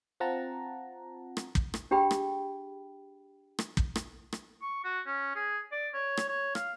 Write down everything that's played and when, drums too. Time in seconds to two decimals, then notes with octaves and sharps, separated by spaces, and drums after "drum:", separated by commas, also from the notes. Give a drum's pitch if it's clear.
0.20 C4 F4 F#5 A5 A#5
1.37 drum: rim click
1.55 drum: kick
1.74 drum: rim click
1.91 D4 G4 G#4 G5 B5
2.11 drum: rim click
3.59 drum: rim click
3.77 drum: kick
3.96 drum: rim click
4.33 drum: rim click
4.62 C#6
4.84 F#4
5.06 C#4
5.36 G#4
5.72 D5
5.94 C#5
6.17 drum: rim click
6.29 C#5
6.55 F5, drum: rim click